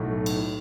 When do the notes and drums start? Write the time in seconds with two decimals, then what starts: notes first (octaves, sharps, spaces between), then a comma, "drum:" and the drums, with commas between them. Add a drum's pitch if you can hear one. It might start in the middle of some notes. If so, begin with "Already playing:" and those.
Already playing: B1 A2 F#3 A3
0.26 drum: cymbal